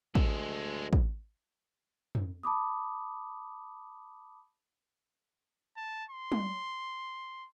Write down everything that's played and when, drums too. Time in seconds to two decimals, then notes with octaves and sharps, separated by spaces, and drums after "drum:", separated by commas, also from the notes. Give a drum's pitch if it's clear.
0.15 D2 G#3 A4, drum: kick
0.93 drum: kick
2.15 drum: tom
2.43 A5 B5 D6 D#6
5.77 A5
6.11 C6
6.32 drum: tom